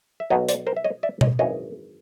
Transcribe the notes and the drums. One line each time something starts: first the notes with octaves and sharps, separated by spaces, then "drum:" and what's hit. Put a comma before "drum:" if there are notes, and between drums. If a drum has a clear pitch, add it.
E5
B1 B2 F#3 C#5 D#5
C5 D5, drum: hi-hat
A#4 C5
E5
C#5 D#5
D5 E5
C#5 D#5, drum: tom B2
G#1 F#2 C#3 E3 C#5 D#5